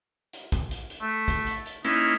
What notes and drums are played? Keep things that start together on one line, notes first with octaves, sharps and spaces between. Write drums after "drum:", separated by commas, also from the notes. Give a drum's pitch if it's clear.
drum: hi-hat
drum: kick, hi-hat
drum: hi-hat
drum: hi-hat
A3
drum: kick, hi-hat
drum: hi-hat
drum: hi-hat
A#3 C#4 D#4 E4, drum: hi-hat